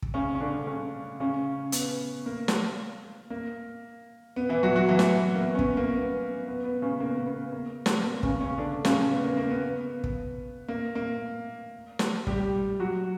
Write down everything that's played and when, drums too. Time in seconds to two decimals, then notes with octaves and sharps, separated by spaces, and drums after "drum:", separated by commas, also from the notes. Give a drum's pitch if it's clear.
0.02 drum: kick
0.14 C#3 C#4
0.35 C#4
0.41 D3 D4
0.67 C#3 C#4
1.20 C#3 C#4
1.72 B3, drum: hi-hat
2.26 A#3
2.48 drum: snare
3.30 A#3
4.36 B3
4.49 E3 E4
4.63 F#3 F#4
4.75 F#3 F#4
4.89 E3 E4
4.99 drum: snare
5.35 A#3
5.42 B3
5.55 C#4
5.59 B3, drum: kick
5.77 A#3
5.94 B3
6.47 B3
6.64 B3
6.82 C#3 C#4
7.00 A#3
7.09 B3
7.17 A#3
7.27 B3
7.52 A#3
7.86 drum: snare
7.98 A#3
8.06 B3
8.23 C#3 C#4, drum: kick
8.40 C#3 C#4
8.58 D3 D4
8.85 C#3 C#4, drum: snare
9.11 B3
9.24 A#3
9.37 A#3
9.50 B3
10.04 drum: kick
10.68 A#3
10.95 A#3
11.99 drum: snare
12.27 G3 G4, drum: kick
12.80 F#3 F#4